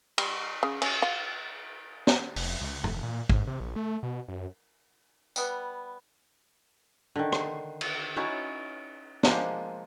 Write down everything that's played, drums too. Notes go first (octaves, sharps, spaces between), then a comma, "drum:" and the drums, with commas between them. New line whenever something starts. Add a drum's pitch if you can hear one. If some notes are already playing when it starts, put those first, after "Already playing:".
G3, drum: cymbal
C#3
C#4, drum: cymbal
F4
drum: snare
F1, drum: open hi-hat
C#2
F1, drum: tom
A#2
G#2, drum: kick
C3
A#1
A3
B2
F#2
G3 B3, drum: tambourine
D3 D#3
drum: rim click
drum: cymbal
C#4 D#4 E4 F#4
F3 G#3 A#3 D4, drum: snare